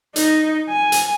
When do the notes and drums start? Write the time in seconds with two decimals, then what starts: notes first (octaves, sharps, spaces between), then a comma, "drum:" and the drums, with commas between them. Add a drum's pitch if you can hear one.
0.16 D#4, drum: hi-hat
0.69 G#5
0.92 drum: hi-hat